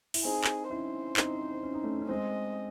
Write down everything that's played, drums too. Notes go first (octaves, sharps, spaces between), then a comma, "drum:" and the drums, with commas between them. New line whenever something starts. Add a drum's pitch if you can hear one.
E4, drum: open hi-hat
C4 D#4 G#4
drum: clap
C#4 E4 C5
C4 D#4, drum: clap
C#4
D#4
A3 C#4
C#4
G#3 C4 D#5